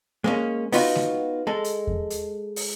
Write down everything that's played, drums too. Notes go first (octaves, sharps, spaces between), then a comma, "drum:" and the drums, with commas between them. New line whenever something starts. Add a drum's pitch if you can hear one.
G#3 A#3 C#4
B3 D#4 F4 F#4, drum: open hi-hat
drum: snare G#3
G#3 A4
drum: hi-hat
drum: kick E2
drum: hi-hat
drum: open hi-hat